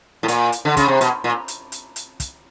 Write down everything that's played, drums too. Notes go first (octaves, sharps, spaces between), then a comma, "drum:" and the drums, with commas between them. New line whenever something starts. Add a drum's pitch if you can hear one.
A2
A#2, drum: hi-hat
drum: hi-hat
D3
C#3, drum: kick, hi-hat
C3
B2, drum: hi-hat
A#2
drum: hi-hat
drum: hi-hat
drum: hi-hat
drum: kick, hi-hat